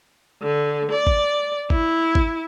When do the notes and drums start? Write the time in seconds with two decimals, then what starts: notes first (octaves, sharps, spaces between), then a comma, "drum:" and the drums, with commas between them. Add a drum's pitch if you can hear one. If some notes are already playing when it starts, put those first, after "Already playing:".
0.42 D3
0.91 D5
1.07 drum: kick
1.70 E4, drum: kick
2.15 drum: kick